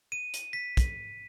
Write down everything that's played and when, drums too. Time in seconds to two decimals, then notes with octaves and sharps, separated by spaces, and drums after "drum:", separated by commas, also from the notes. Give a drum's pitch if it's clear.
0.12 D#7
0.34 drum: hi-hat
0.53 B6
0.77 drum: kick, hi-hat